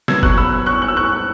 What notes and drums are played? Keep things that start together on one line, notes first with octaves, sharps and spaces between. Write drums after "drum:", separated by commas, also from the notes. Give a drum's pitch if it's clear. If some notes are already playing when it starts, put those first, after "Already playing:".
B2 F#3 B3 E6 G#6, drum: snare
C#6 F#6, drum: kick F#1
B5 E6
C#6 F#6
F#6
E6
C#6 F#6